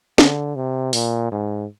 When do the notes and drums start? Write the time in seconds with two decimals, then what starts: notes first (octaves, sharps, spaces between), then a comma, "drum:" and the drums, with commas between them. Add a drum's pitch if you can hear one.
0.18 D3, drum: snare
0.56 C3
0.93 A#2, drum: open hi-hat
1.32 G#2